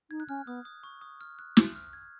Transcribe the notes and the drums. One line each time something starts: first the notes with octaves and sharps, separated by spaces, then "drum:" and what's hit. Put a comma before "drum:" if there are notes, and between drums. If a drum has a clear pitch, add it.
D#4 G#6
F#6
C#4 F6
B3 D#6
D#6
C#6
D#6
F6
F#6
drum: snare
F6
G#6